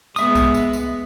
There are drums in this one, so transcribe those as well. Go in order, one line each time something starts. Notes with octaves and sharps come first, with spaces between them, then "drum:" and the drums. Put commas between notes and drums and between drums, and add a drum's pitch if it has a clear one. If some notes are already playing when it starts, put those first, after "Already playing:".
G#3 B3 E5 D#6, drum: tambourine
drum: kick B1, tambourine
drum: tambourine
drum: tambourine